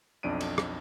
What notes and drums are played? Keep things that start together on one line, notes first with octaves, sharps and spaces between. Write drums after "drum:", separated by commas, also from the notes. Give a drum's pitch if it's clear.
B1 F2 D4 D7 D#7
drum: cymbal
drum: rim click